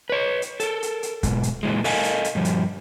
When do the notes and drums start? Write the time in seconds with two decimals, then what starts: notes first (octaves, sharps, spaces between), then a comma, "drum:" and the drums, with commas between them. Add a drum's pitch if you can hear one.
0.10 B4 C#5
0.42 drum: hi-hat
0.60 A4 A#4, drum: hi-hat
0.82 drum: hi-hat
1.03 drum: hi-hat
1.23 G#2 B2, drum: kick, hi-hat
1.43 drum: hi-hat
1.63 A#2 E3 G#3
1.84 A4 A#4 D#5 F5 G#5, drum: open hi-hat
2.04 drum: hi-hat
2.24 drum: hi-hat
2.35 G2 F3 G3
2.45 drum: hi-hat